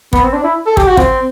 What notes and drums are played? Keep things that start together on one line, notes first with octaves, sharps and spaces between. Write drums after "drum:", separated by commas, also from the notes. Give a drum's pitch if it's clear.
B3, drum: kick
C4
D4
E4
A4
G4, drum: kick
F#4
C4, drum: kick